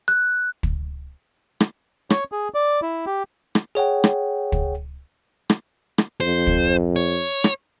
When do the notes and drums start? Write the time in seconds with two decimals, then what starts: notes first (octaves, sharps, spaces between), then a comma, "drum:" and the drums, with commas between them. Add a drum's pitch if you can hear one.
0.08 F#6
0.63 drum: kick
1.60 drum: rim click
2.10 C#5, drum: rim click
2.32 G#4
2.54 D5
2.82 E4
3.06 G4
3.55 drum: rim click
3.75 G#4 C#5 F#5 G5
4.04 drum: rim click
4.52 drum: kick
5.50 drum: rim click
5.98 drum: rim click
6.21 F2 C5
6.47 drum: kick
6.96 C#5
7.44 drum: rim click